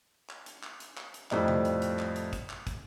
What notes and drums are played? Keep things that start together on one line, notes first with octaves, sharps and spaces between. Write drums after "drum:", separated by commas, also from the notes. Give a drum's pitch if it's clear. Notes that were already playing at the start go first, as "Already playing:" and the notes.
drum: clap
drum: hi-hat
drum: clap
drum: hi-hat
drum: clap
drum: hi-hat
F2 A2 G3 D#4, drum: clap
drum: tom C3
drum: hi-hat
drum: hi-hat
drum: clap
drum: hi-hat
drum: kick, hi-hat
drum: clap
drum: kick, hi-hat